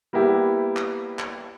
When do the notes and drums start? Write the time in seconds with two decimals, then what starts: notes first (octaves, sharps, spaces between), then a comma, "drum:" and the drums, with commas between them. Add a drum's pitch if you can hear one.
0.13 G3 A#3 B3 E4 G4
0.77 drum: clap
1.19 drum: clap